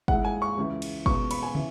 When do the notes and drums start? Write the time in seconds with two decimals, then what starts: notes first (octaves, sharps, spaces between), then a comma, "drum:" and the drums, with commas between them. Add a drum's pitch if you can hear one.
0.08 G#2 G#3 E4 F#5, drum: kick
0.25 G#5
0.42 C#6
0.58 C#2 C#3 E3
0.82 drum: cymbal
1.06 C#2 B2 B3 C#6, drum: kick
1.31 B5, drum: cymbal
1.43 G#5
1.55 E3 C#4, drum: tom